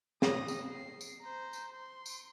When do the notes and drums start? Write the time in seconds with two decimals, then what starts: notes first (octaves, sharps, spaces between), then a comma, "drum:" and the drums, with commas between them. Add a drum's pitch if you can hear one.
0.22 D#6 A#6, drum: snare
0.48 drum: tambourine
0.69 C7
1.01 drum: tambourine
1.22 C5 A#5
1.53 drum: tambourine
1.73 C6
2.06 drum: tambourine